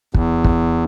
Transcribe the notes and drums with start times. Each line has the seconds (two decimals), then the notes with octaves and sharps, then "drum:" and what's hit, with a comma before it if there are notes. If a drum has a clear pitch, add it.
0.14 E2, drum: kick
0.44 drum: kick